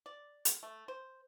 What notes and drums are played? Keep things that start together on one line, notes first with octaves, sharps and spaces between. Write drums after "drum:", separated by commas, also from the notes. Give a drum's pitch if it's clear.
D5
drum: hi-hat
A3
C5